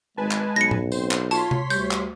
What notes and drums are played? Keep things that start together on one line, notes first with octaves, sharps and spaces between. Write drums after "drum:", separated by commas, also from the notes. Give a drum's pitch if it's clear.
G#1 G#3 B4 G#5 A5
drum: clap
B1 A#6 C#7
drum: tom A2
C4 C5, drum: tambourine
drum: clap
F4 C#5 A5 C6 B6, drum: tambourine
drum: tom C3
D2 G3 G6, drum: tambourine
drum: clap